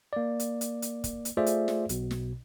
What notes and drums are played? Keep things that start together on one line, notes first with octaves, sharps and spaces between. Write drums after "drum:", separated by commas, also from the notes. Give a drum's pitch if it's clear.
A#3 D5
drum: hi-hat
drum: hi-hat
drum: hi-hat
drum: kick, hi-hat
drum: hi-hat
A3 F4 G#4 C5 D5 E5
drum: hi-hat
drum: snare
B1 B2, drum: hi-hat
drum: snare